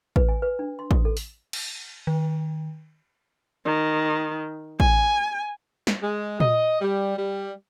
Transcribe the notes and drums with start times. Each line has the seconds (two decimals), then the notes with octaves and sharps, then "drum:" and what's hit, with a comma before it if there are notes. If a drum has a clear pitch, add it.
0.16 B4, drum: kick A1
0.29 G#5
0.42 B4
0.59 D4
0.79 C6
0.91 D#6, drum: kick A1
1.05 A4
1.17 drum: open hi-hat
1.53 drum: cymbal
2.07 D#3
3.65 D#3
4.80 G#5, drum: kick A1
5.87 drum: snare
6.02 G#3
6.40 D#5, drum: tom A#2
6.81 G3
7.17 G3